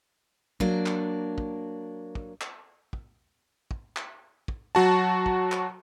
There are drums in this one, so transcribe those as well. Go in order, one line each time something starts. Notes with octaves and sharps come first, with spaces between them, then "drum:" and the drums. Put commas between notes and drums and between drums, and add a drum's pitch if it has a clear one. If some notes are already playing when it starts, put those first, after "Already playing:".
F#3 A#3 D4, drum: kick
drum: clap
drum: kick
drum: kick
drum: clap
drum: kick
drum: kick
drum: clap
drum: kick
F#3 F#4 A5
drum: kick
drum: clap